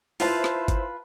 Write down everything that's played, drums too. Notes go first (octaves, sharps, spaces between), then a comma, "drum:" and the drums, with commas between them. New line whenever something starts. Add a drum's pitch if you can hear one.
E4 F4 B4 C5 E5 A5, drum: open hi-hat
drum: snare
drum: kick G1, hi-hat